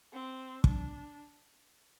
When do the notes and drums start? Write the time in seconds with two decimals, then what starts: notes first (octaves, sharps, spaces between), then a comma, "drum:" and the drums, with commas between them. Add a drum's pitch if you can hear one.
0.13 C4
0.64 D4, drum: kick